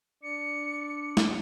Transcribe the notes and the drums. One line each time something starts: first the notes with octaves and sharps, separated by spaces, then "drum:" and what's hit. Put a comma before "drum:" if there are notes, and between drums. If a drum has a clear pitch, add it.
D4 D5 C#7
drum: snare